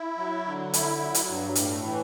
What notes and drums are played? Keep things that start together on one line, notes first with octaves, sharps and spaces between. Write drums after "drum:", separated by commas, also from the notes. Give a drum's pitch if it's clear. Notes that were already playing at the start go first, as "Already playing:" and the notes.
Already playing: E4
F#3
D3
E4, drum: hi-hat
F#3
drum: hi-hat
G2
A2, drum: hi-hat
E3